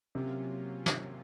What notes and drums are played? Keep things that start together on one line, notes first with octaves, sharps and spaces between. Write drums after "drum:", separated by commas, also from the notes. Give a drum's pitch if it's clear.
C3 F#3 A#3 C#4 F4
drum: snare